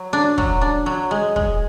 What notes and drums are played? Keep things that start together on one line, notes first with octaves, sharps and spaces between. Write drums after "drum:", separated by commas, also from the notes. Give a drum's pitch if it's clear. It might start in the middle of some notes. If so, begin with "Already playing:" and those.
Already playing: F#3
D4
F#3, drum: kick
D4
F#3
G#3
G#3, drum: kick